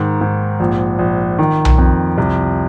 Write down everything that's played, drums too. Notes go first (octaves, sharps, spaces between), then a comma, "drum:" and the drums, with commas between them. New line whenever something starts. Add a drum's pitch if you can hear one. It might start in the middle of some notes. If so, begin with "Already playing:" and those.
Already playing: G#2 D#3
G#2
A#1
A#1
D#3
drum: tom B1
F2
C2